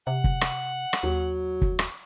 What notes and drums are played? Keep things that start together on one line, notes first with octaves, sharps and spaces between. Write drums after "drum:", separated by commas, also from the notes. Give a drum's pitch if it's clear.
C3 F#5
drum: kick
drum: rim click
drum: rim click
D#2 F#3
drum: kick
drum: rim click